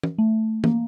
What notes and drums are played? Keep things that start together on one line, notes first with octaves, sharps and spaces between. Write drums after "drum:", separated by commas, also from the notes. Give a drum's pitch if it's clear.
drum: tom
A3
A#3, drum: tom